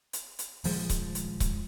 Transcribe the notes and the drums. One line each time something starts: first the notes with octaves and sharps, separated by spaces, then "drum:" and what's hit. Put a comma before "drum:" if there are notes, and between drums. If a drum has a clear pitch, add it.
drum: hi-hat
drum: hi-hat
D#1 F3 G#3, drum: open hi-hat
drum: kick C#1, hi-hat
drum: hi-hat
drum: kick C#1, hi-hat